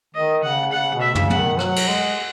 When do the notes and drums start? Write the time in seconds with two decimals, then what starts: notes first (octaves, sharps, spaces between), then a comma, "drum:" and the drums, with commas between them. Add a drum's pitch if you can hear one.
0.15 D#3 D#5
0.43 C#3 F#5
0.72 C#3 F#5
0.94 B2
1.02 E5
1.15 C#3, drum: tom
1.30 F#5, drum: tom
1.37 D#3
1.59 F#3 F#5, drum: rim click
1.76 drum: cymbal
1.88 G#3